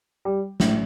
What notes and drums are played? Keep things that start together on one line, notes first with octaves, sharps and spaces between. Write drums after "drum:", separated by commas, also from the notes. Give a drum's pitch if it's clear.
G3
A2, drum: snare